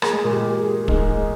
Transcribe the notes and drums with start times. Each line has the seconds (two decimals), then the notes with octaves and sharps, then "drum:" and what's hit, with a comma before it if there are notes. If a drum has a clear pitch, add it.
0.02 A#3 G#4, drum: rim click
0.13 G#3
0.24 A#2 A#3
0.31 G4
0.59 G#4
0.88 G#2 G#3 G#4, drum: kick